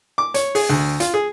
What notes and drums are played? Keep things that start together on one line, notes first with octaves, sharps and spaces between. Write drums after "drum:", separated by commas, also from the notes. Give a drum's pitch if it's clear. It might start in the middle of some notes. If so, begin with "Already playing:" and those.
D6
C#5, drum: hi-hat
G#4, drum: open hi-hat
D2
F4, drum: hi-hat
G#4